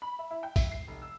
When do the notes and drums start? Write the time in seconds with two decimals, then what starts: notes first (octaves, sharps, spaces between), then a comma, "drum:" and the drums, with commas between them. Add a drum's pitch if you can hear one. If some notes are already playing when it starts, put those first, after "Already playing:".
0.02 B5
0.19 E5
0.31 E4
0.43 G5
0.56 E5, drum: kick, open hi-hat
0.71 C7
0.87 F1
1.02 E6